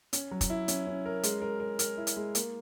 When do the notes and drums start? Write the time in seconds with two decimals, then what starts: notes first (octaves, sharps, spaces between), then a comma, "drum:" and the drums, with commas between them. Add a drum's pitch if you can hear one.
0.13 C#4, drum: hi-hat
0.31 F#3
0.41 drum: kick, hi-hat
0.50 E4
0.68 C#4, drum: hi-hat
0.87 C#4
1.06 A#4
1.23 G#3, drum: hi-hat
1.42 A#4
1.60 A#4
1.79 A#4, drum: hi-hat
1.98 E4
2.07 drum: hi-hat
2.17 G#3
2.35 A#3, drum: hi-hat